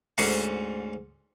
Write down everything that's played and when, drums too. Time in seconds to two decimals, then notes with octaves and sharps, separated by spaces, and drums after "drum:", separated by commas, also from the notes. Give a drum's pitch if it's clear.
0.18 D2 G#2 C#4 F#5 C6 D6, drum: open hi-hat